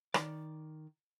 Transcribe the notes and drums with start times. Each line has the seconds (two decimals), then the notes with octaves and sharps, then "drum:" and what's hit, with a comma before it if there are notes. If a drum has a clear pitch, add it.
0.14 D#3 D5, drum: rim click